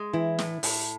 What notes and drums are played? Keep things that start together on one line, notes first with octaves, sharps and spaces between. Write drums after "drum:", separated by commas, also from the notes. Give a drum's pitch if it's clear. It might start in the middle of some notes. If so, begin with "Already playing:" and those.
Already playing: G#3
E3 E4
A2, drum: snare
A2, drum: open hi-hat